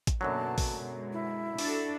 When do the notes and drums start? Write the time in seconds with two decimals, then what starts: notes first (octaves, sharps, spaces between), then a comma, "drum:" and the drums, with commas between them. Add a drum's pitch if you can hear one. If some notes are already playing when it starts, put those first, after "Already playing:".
0.07 drum: kick, hi-hat
0.21 F#2 B2 D3 F#3 A#3 A5
0.58 drum: kick, open hi-hat
0.76 B2 G#3
1.13 E4
1.59 D4 F#4 A4, drum: open hi-hat